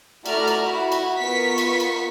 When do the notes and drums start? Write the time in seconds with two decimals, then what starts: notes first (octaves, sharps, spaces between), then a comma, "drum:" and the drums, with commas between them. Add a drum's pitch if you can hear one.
0.26 A3 E4 F#4 D5 A#5 F6, drum: cymbal
0.48 drum: cymbal
0.62 E4 F#4 B5
0.92 drum: cymbal
1.17 B3 F4 A#4 C#6 B6
1.58 drum: cymbal
1.80 drum: cymbal